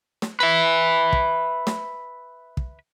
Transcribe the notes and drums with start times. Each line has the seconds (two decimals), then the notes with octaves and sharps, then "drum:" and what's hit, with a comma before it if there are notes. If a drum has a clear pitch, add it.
0.22 drum: snare
0.40 B4 E5
1.13 drum: kick
1.67 drum: snare
2.57 drum: kick